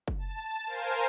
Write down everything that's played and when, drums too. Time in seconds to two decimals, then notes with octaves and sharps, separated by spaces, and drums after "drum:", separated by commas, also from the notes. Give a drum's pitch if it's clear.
0.08 drum: kick F#1
0.18 A5
0.66 A#4 C5 F5 G#5